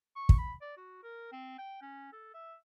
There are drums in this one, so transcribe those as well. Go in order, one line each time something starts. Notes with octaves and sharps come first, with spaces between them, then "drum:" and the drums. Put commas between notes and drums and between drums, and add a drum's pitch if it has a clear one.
C#6
drum: kick
B5
D5
F#4
A#4
C4
G5
C#4
A4
E5